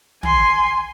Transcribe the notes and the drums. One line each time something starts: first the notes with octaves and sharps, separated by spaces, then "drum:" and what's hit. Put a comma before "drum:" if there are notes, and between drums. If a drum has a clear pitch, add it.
G#5 C6, drum: tom